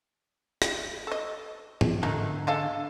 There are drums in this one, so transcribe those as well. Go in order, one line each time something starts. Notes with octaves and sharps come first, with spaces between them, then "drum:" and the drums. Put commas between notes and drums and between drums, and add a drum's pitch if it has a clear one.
drum: rim click
A4 D#5
drum: tom G#2
D3 A3 A#3 D#4
G#3 A4 F5